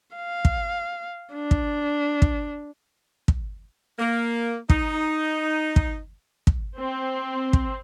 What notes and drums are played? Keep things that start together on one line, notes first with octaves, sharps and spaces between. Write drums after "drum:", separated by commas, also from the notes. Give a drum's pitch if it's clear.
F5
drum: kick
D4
drum: kick
drum: kick
drum: kick
A#3
D#4, drum: kick
drum: kick
drum: kick
C4
drum: kick